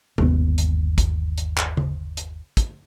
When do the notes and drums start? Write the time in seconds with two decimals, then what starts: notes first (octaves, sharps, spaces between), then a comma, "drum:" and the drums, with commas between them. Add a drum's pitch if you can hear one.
0.18 G1 D#2 B3, drum: tom C3
0.58 drum: hi-hat
0.98 drum: kick, hi-hat
1.38 drum: hi-hat
1.57 drum: clap
1.77 drum: tom C#3
2.17 drum: hi-hat
2.57 drum: kick, hi-hat